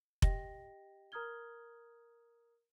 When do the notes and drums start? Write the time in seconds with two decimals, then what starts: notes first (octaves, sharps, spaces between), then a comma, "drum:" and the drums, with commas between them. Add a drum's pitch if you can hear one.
0.22 G4 D#5 G5 A#6, drum: kick F1
1.12 A#4 A#5 D#6 F6 G#6 G7